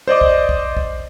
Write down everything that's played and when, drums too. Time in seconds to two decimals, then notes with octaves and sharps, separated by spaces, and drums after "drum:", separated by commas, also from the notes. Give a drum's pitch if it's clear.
0.08 C5 D5 D#5 D6
0.21 drum: kick
0.49 drum: kick
0.77 drum: kick